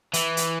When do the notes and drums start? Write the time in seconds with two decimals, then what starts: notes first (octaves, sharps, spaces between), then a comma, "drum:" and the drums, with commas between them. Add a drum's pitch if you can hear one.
0.14 E3, drum: hi-hat
0.37 drum: hi-hat